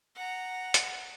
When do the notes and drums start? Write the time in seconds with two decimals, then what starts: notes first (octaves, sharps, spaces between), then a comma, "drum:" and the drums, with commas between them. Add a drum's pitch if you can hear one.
0.15 F#5 A#5
0.74 drum: hi-hat